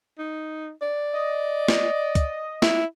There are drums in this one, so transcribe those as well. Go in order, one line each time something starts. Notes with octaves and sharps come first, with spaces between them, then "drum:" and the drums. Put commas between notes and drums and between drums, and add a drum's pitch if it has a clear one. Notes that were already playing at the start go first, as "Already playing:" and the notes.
D#4
D5
D#5
drum: snare
drum: kick, hi-hat
E4, drum: snare